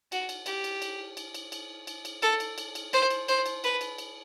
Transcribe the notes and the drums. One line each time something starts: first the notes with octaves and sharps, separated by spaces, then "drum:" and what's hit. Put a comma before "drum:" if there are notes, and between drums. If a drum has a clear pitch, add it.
F#4, drum: cymbal
drum: cymbal
G4, drum: cymbal
drum: cymbal
drum: cymbal
drum: cymbal
drum: cymbal
drum: cymbal
drum: cymbal
drum: cymbal
A4, drum: cymbal
drum: cymbal
drum: cymbal
drum: cymbal
C5, drum: cymbal
drum: cymbal
C5, drum: cymbal
drum: cymbal
B4, drum: cymbal
drum: cymbal
drum: cymbal